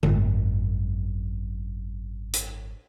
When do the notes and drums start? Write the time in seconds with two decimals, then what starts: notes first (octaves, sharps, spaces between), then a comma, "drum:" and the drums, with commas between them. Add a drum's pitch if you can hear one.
0.03 G#1 F#2, drum: tom D3
2.33 drum: hi-hat